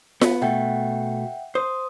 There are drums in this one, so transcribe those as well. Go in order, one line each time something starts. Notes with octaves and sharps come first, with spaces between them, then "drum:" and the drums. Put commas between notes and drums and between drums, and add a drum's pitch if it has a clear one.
B3, drum: snare F4
B2 A3 E5 F#5 G5
C5 D#6